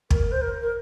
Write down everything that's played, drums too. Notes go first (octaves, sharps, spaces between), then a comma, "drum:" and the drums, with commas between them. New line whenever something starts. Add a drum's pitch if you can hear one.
A#4, drum: kick
C5
A#4
A#4